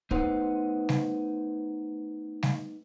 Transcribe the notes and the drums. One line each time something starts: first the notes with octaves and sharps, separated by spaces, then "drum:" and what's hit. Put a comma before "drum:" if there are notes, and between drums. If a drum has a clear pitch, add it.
A3 B3 D#4 B4 C5 F#5, drum: kick
drum: snare G3
drum: snare G3